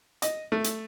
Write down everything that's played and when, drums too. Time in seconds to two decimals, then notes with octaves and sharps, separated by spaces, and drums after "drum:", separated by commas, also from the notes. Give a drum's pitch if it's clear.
0.22 D#5, drum: hi-hat
0.52 A3
0.64 drum: hi-hat